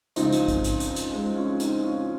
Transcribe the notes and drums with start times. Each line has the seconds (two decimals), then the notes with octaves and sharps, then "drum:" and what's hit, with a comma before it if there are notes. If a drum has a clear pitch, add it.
0.16 C#2 C#3 F3 C4 D#4, drum: hi-hat
0.32 drum: hi-hat
0.48 drum: kick, hi-hat
0.64 drum: hi-hat
0.80 drum: hi-hat
0.96 drum: hi-hat
1.12 G#3 C4
1.36 C#4 F4
1.60 C4 D#4, drum: hi-hat
1.84 C#4 F4